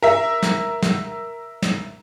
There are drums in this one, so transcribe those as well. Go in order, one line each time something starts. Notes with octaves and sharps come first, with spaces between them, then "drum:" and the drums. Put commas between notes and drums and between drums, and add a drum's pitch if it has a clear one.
A#4 E5
drum: snare
drum: snare
drum: snare